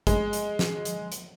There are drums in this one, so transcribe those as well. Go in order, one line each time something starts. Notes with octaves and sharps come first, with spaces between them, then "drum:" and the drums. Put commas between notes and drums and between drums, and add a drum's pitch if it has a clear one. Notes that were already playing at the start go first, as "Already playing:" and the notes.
G#3, drum: kick, hi-hat
drum: hi-hat
drum: snare
drum: hi-hat
drum: hi-hat